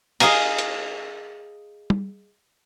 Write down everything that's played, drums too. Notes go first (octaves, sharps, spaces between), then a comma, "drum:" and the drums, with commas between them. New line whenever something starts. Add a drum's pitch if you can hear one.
G#4 D#5 F5 G#5 A#5, drum: cymbal
drum: hi-hat
drum: tom